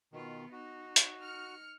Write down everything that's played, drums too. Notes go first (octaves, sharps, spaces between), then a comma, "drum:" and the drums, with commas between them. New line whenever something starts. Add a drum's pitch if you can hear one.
B2 D#3 B3 F4
D#4 F#4
drum: hi-hat
F6 C#7